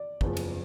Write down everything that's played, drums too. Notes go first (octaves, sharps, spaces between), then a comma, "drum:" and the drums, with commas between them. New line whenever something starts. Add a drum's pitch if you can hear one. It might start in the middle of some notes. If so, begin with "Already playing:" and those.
Already playing: D5
F#1 E2 C#3 F3, drum: kick
drum: cymbal